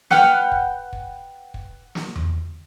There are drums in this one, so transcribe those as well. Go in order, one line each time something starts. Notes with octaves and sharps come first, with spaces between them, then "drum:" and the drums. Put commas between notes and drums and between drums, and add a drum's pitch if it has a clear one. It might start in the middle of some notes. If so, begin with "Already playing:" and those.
B4 F#5 G5 F6, drum: snare
drum: kick
drum: kick
drum: kick
drum: snare
drum: tom E2